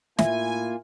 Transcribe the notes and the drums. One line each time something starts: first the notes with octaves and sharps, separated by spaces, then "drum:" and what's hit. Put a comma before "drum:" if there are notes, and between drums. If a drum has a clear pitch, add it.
A2 A#3 E4 F4 E5 G#5, drum: snare